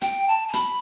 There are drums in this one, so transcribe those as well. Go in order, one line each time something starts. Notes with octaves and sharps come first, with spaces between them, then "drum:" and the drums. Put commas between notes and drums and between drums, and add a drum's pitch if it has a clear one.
G5, drum: hi-hat
A5
A5
B5, drum: hi-hat